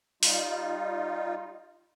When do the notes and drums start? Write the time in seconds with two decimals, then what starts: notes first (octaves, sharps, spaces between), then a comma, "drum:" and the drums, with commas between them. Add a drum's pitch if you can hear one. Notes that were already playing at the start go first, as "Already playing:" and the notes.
0.23 G3 D#4 F4, drum: open hi-hat